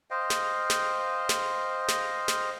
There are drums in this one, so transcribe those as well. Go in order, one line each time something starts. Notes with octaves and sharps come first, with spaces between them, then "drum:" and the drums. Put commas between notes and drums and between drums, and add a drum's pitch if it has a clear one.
C5 D#5 F5 G5
drum: snare
drum: snare
drum: snare
drum: snare
drum: snare